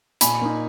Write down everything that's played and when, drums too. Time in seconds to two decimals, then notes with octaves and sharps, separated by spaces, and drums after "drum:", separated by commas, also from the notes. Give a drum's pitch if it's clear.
0.21 A#2 G#5 B5, drum: hi-hat
0.41 A#3 D#4